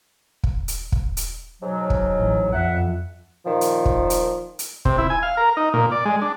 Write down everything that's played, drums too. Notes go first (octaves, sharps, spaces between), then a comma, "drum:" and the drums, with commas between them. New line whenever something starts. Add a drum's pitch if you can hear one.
drum: kick
drum: hi-hat
drum: kick
drum: hi-hat
G#2 B2 F#3
drum: kick
A1
F2 E5 F#5
A#2 D#3 F3
drum: hi-hat
drum: kick
drum: hi-hat
drum: hi-hat
C3, drum: kick
E4
G#5
F5
A#4
D#4
A#2
D5
G#3
D4